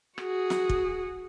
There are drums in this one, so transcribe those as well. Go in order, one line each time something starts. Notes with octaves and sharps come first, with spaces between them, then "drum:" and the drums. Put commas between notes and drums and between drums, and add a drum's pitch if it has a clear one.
F#4 G#4, drum: rim click
drum: snare
drum: kick